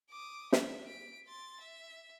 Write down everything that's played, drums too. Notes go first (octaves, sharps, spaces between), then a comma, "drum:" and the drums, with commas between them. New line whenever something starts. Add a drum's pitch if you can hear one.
D6 D#6
E5, drum: snare
B6 D7
C6 A6
E5